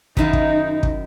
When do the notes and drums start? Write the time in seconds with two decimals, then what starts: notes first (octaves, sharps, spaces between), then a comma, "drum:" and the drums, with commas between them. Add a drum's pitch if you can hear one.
0.17 F#2 D#3 D#4 E4, drum: kick
0.33 drum: kick
0.83 drum: kick